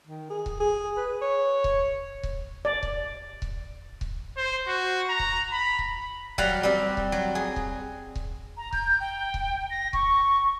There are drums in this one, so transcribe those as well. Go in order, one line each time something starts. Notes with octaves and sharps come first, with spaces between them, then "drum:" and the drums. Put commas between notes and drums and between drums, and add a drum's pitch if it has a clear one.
D#3
G#4
drum: kick C#1
G#4
B4
C#5
drum: kick C#1
drum: kick C#1
D5
drum: kick C#1
drum: kick C#1
drum: kick C#1
C5
F#4
A#5
drum: kick C#1
B5
drum: kick C#1
F#3 G3 F5 F#5, drum: kick C#1
G3 C4
drum: kick C#1
F#3
G#4
drum: kick C#1
drum: kick C#1
A#5
G6, drum: kick C#1
G5
drum: kick C#1
A#6
C#6, drum: kick C#1